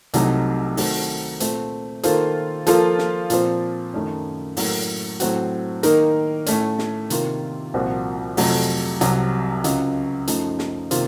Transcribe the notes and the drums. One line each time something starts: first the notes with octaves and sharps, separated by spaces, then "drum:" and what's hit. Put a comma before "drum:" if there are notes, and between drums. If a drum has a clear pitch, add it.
C2 C3 F#3 A3 D#4, drum: hi-hat
D#3 A3 C4 F#4, drum: open hi-hat
A#2 A3 C4, drum: hi-hat
D#3 A#3 F4 A4 C5, drum: hi-hat
F3 A#3 F4 A4, drum: hi-hat
drum: snare
A#2 F3 C4, drum: hi-hat
F#2 D#3 A3 C#4
A2 F#3 A#3, drum: open hi-hat
A2 F#3 C4 F#4, drum: hi-hat
D#3 A#3 D#4 A#4, drum: hi-hat
A2 A3 C#4, drum: hi-hat
drum: snare
C3 D#3 A#3 F4, drum: hi-hat
C2 A#2 F3 C4 F#4
F2 C3 F#3 A3, drum: open hi-hat
C2 C3 F#3, drum: hi-hat
C#2 C#3 F#3, drum: hi-hat
F#2 F3 A3 D#4, drum: hi-hat
drum: snare
C3 D#3 A#3 F4 C5, drum: hi-hat